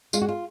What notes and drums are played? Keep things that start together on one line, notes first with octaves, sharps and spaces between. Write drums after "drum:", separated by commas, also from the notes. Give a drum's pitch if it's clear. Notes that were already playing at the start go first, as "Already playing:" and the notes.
G#3 F4, drum: tambourine
F#4
F4